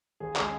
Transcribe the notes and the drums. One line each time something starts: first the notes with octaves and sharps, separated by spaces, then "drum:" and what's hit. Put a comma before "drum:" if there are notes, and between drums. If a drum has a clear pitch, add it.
D#2 G#4
C#3 G#3 G#4, drum: clap